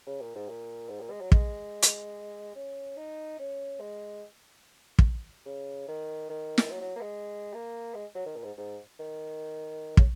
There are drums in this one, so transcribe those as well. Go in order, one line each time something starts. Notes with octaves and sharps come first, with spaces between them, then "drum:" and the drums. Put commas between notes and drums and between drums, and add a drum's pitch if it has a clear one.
C#3
A#2
G#2
A#2
G#2
A#2
G#3
F#3
G#3, drum: kick
drum: hi-hat
C#4
D#4
C#4
G#3
drum: kick
C#3
D#3
D#3
drum: snare
F#3
F#3
A#3
G#3
A#3
G#3
F#3
D#3
A#2
G#2
G#2
D#3
C#3, drum: kick